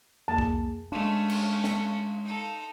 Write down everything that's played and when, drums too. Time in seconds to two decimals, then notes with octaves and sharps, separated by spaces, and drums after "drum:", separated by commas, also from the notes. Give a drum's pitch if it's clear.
0.28 F2 A#3 G#4 A5
0.38 drum: kick C2
0.92 G#3 A3 C#4 D4 F5 C6
1.30 drum: cymbal
1.64 drum: snare
2.24 D#4 A4